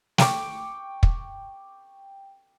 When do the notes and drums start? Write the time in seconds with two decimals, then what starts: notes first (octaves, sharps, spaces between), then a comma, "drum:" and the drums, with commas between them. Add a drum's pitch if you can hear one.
0.18 G5 C#6 D6, drum: snare
1.03 drum: kick